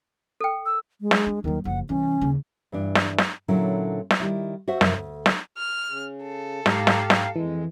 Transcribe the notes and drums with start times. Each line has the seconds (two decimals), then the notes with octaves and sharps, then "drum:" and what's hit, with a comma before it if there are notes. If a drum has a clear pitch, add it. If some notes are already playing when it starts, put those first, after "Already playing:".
0.41 A4 G5
0.66 E6
1.01 G#3
1.11 drum: snare
1.27 D4
1.44 D#2 D#3 F#3
1.65 F#1 F3 F#5
1.89 C2 E3 C#4
2.21 D#2 C#3
2.72 G2 E3 D4
2.95 drum: snare
3.18 drum: snare
3.48 A#2 D3 F#3 C#4 E4
4.11 drum: snare
4.20 D#3 G3 E4
4.68 F#4 C5 E5 F#5
4.81 F#2 C3 F3 A#4 E5, drum: snare
4.97 D2
5.26 drum: snare
5.57 F6
5.89 C#3
6.23 A4
6.66 G#2 G4 F5 A#5, drum: snare
6.87 drum: snare
7.10 drum: snare
7.36 F2 E3 G#3